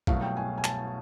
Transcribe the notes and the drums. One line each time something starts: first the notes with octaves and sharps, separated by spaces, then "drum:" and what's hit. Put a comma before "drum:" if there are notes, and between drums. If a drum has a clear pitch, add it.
C2 B2 F#3 A3 F5, drum: kick A#1
G5
G#5
G#5
A5, drum: clap